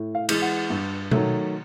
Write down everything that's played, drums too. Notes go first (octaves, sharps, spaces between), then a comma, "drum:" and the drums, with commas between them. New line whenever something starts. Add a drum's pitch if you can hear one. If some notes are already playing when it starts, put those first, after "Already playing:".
Already playing: A2
F5
E3 G#3, drum: cymbal
F#5
G2
D#3 F#3 A3, drum: tom B2